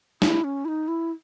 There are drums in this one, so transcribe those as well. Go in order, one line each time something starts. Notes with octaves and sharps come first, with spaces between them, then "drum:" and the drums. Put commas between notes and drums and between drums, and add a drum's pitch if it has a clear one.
E4, drum: snare
C#4
E4
D#4
E4